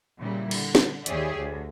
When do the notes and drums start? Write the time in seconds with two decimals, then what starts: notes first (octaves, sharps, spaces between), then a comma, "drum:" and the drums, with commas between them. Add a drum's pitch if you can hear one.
0.20 A#2 C#3 G3 E4
0.51 D3, drum: cymbal
0.75 drum: snare
1.06 D#2 G4 G#4 C#5 D5 E5, drum: hi-hat
1.38 D2